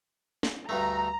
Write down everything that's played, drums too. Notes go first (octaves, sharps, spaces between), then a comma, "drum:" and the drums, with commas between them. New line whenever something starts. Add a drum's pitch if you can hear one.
drum: snare
D2 G2 A3 A#5